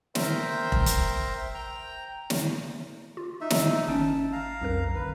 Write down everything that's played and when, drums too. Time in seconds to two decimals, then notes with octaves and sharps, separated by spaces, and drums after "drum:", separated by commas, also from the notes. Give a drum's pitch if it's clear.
0.15 A#4 C5 E5 G5, drum: snare
0.72 drum: kick F1
0.86 drum: hi-hat
1.54 G5 A#5
2.30 drum: snare
3.17 F4
3.41 D#4 E5
3.50 drum: snare
3.88 G#1 C#4 A5 D7
4.32 F5 A#5
4.61 B1 F2 A#4
4.95 G1 B4